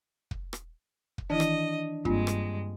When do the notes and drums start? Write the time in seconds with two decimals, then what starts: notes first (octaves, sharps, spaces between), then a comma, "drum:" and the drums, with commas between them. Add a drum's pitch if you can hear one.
0.31 drum: kick
0.53 drum: rim click
1.18 drum: kick
1.30 D#3 E3 D4 E4 D#5
1.40 drum: rim click
2.05 G2 G#3 A#3 C4 F4, drum: kick
2.27 drum: rim click